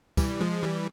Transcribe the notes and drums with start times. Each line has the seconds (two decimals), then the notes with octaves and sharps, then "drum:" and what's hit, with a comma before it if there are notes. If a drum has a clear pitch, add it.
0.17 E3 G3, drum: kick, tambourine
0.40 F3 G#3
0.63 E3 G3